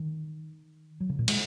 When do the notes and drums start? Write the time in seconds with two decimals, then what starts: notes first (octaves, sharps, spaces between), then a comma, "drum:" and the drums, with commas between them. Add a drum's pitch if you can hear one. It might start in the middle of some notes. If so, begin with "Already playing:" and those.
Already playing: D#3
1.00 F#3
1.10 C#3
1.19 A#2
1.28 G#3, drum: cymbal